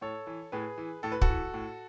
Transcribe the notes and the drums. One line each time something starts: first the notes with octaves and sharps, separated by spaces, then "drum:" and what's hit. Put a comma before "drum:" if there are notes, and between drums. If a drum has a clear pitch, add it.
A2 A4 C#5
E3
A2 G#4 B4
E3
A2 A4
B4
F#4 A4, drum: kick
E3
A2